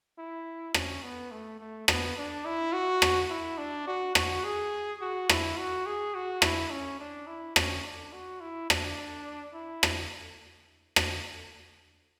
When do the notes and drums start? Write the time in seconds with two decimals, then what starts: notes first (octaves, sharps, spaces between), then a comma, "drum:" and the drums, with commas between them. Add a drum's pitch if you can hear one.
0.18 E4
0.74 C#4, drum: rim click
1.03 B3
1.32 A3
1.60 A3
1.88 B3, drum: rim click
2.17 D4
2.45 E4
2.73 F#4
3.02 drum: rim click
3.30 E4
3.58 D4
3.87 F#4
4.15 F#4, drum: rim click
4.44 G#4
5.01 F#4
5.29 E4, drum: rim click
5.57 F#4
5.86 G#4
6.15 F#4
6.42 E4, drum: rim click
6.71 C#4
7.00 D4
7.27 E4
7.56 C#4, drum: rim click
7.84 D4
8.13 F#4
8.41 E4
8.70 D4, drum: rim click
9.54 E4
9.83 drum: rim click
10.96 drum: rim click